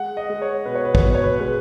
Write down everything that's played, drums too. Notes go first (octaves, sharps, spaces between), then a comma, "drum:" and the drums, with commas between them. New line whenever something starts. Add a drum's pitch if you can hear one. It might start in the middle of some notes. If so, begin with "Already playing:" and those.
Already playing: G#3 F#5
D#5
G#3
C#5
B2 B4
C#5
B4
C#5, drum: kick
B2 B4
C#5
B4
G#3 B4